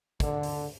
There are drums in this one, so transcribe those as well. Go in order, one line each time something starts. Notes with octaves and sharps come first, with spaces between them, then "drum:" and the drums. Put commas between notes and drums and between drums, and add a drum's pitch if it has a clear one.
D3, drum: kick, hi-hat
drum: open hi-hat